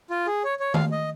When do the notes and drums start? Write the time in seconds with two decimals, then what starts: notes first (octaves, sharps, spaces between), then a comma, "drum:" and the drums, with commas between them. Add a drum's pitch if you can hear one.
0.10 F4
0.27 G#4
0.44 C#5
0.60 C#5
0.74 F5, drum: tom D#3
0.92 D#5